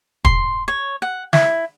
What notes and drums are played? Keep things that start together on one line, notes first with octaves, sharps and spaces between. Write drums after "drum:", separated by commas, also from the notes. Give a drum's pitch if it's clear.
C6, drum: kick
C#5
F#5
E4, drum: snare